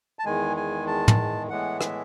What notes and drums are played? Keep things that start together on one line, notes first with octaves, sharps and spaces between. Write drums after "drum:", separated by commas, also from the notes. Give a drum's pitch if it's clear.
A5
E2 D#3 G#3 G#5
G#5
A5
drum: tom
A2 E3 G#3 B3 F#5
E5, drum: rim click